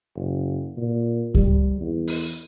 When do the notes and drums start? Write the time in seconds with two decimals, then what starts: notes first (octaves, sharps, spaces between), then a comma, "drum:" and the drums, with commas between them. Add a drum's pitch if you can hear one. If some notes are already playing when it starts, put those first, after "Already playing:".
0.16 F#1
0.77 A#2
1.35 G3, drum: kick C#2
1.81 E2
2.07 drum: open hi-hat